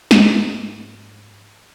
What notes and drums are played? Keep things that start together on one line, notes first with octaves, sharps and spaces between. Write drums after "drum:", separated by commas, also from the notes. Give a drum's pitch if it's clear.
G#2 F3 D4, drum: snare